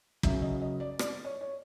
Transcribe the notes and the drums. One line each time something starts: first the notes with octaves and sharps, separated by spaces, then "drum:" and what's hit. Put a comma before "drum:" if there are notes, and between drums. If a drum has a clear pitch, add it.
F#2 C#3 F#3 E5, drum: kick
D#5
D#5
D5
D5, drum: rim click
C#5
C#5